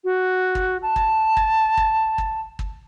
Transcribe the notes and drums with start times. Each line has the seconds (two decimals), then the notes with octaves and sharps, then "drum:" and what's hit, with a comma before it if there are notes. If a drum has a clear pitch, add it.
0.04 F#4
0.55 drum: kick
0.82 A5
0.96 drum: kick
1.37 drum: kick
1.77 drum: kick
2.18 drum: kick
2.59 drum: kick